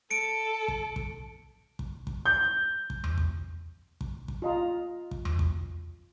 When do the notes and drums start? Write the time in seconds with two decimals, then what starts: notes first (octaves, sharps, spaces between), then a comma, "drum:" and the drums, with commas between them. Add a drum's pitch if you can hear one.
0.11 A4 C#7 D7
0.68 drum: kick
0.96 drum: kick
1.79 drum: kick
2.07 drum: kick
2.26 G6
2.90 drum: kick
3.04 drum: tom E2
3.18 drum: kick
4.01 drum: kick
4.28 drum: kick
4.42 F4 D#5 A#5
5.11 drum: kick
5.25 drum: tom E2
5.39 drum: kick